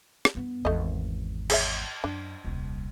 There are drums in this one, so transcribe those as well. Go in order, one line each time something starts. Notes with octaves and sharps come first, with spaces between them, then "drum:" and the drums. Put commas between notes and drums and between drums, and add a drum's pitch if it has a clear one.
drum: rim click
G2 B3
G#1 E2 A3 D#5
G#4 C#5 E5, drum: cymbal
F#2 D4
D#1 C2